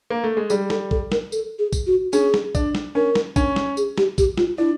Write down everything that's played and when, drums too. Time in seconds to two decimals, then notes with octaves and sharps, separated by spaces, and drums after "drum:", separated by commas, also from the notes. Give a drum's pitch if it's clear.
0.10 A#3
0.24 A3
0.37 G#3
0.50 G3 G#4, drum: tambourine
0.70 A4, drum: snare
0.91 A4, drum: kick A#1
1.12 A#4, drum: snare
1.32 A4, drum: tambourine
1.59 G#4
1.73 drum: kick A#1, tambourine
1.87 F#4
2.13 C#4 G#4, drum: tambourine
2.34 drum: snare
2.55 D4, drum: kick A#1, tambourine
2.75 drum: snare
2.95 C#4 A#4
3.15 drum: snare
3.36 C#4, drum: kick A#1, tambourine
3.56 drum: snare
3.77 G#4, drum: tambourine
3.98 G4, drum: snare
4.18 G4, drum: kick A#1, tambourine
4.37 F4, drum: snare
4.58 D4 E4